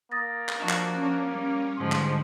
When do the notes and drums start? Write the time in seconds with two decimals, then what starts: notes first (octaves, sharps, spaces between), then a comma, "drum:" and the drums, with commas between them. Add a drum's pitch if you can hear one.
0.11 A#3 D#6 A6 A#6
0.49 drum: clap
0.58 F3 D4 F#4
0.69 drum: clap
0.92 C#4
1.31 G3
1.77 G#2 D3 F3 G3 C6
1.92 drum: clap